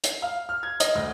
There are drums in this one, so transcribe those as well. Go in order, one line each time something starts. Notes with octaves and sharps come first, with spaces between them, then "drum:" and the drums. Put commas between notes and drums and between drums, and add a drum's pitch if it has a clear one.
drum: hi-hat
F5
F6
G#6
D#5, drum: hi-hat
D2